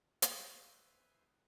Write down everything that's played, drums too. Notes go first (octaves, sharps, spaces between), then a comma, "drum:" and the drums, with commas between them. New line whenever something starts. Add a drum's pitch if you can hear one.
B4 C5 E5 G#5 C6 D#6, drum: hi-hat